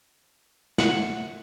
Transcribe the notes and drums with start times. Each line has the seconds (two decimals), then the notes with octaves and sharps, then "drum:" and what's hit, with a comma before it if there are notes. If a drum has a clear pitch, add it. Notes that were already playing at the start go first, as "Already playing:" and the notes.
0.78 F#5, drum: snare